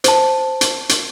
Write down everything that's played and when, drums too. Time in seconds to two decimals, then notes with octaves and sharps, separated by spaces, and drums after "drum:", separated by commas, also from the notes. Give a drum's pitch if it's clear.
0.04 C5 A5, drum: hi-hat
0.61 drum: hi-hat
0.89 drum: hi-hat